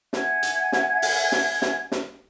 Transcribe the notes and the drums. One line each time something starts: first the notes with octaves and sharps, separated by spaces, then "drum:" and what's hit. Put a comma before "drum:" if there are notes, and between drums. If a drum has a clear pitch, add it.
E5 F#5 G#5 G#6, drum: snare
drum: hi-hat
drum: snare
drum: open hi-hat
drum: snare
drum: snare
drum: snare